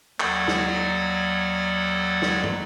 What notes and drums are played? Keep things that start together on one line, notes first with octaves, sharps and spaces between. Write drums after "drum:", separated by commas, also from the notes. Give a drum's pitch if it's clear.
D#2 F#3 A4 D5 F#5 G#6, drum: clap
drum: snare
drum: snare
drum: tom